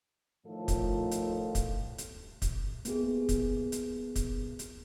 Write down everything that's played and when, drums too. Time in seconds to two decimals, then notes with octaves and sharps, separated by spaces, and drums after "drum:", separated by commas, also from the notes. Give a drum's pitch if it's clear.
0.46 A2 D#3 F3 F4 A4
0.68 drum: kick, hi-hat
1.11 drum: hi-hat
1.55 drum: kick, hi-hat
1.98 drum: hi-hat
2.42 drum: kick, hi-hat
2.85 A#3 B3 G4 G#4, drum: hi-hat
3.29 drum: kick, hi-hat
3.72 drum: hi-hat
4.16 drum: kick, hi-hat
4.59 drum: hi-hat